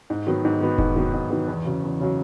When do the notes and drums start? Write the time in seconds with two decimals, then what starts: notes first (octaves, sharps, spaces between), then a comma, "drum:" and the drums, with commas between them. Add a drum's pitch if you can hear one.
0.10 G#2
0.27 D#3 F#3 B3
0.45 G#2
0.61 D#3 F#3 B3
0.78 G#2, drum: kick E1
0.96 D#3 F#3 B3
1.13 G#2
1.31 D#3 F#3 B3
1.47 E2
1.66 C#3 F#3
1.83 E2
2.00 C#3 F#3